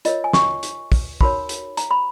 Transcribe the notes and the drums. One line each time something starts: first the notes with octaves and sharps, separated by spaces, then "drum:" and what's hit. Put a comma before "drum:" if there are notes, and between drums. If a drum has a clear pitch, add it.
F4 A#4 C#5 D#5, drum: hi-hat
G#5
C#6, drum: snare
drum: hi-hat
drum: kick, open hi-hat
D#4 F#4 A#4 C#5 B5, drum: kick
drum: hi-hat
A#5, drum: hi-hat
B5